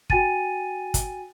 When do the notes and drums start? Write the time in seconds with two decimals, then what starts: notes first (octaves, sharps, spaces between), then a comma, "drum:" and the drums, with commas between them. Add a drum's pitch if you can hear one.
0.10 F#4 G5 G#5 A6 D#7, drum: kick
0.94 drum: kick, hi-hat